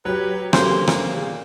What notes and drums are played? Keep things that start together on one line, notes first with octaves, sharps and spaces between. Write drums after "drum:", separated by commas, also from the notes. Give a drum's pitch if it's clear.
F#3 G4 B4
A#3 C#4 D4 A4 C5, drum: rim click
drum: rim click
A#2 G#4